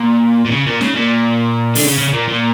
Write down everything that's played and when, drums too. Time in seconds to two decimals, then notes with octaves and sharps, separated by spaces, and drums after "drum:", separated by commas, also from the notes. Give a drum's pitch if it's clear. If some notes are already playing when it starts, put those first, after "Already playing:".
Already playing: A#2
0.45 A#2
0.52 C#3
0.67 A#2
0.81 C#3, drum: snare
0.95 A#2
1.75 D3, drum: open hi-hat
1.84 C#3
1.99 C#3
2.09 C#3
2.13 A#2
2.28 A#2